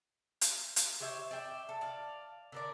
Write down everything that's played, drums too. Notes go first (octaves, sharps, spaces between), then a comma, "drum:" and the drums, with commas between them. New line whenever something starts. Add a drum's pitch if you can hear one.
drum: hi-hat
drum: hi-hat
G4 C5 C#5 E5
D5 E5 G5
A4
D5 F5
D3 A#4 D5